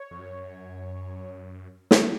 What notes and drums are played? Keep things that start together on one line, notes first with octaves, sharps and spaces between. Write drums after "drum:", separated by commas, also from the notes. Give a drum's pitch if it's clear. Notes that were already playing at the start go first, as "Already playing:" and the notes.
Already playing: C#5
F2
F#2
drum: snare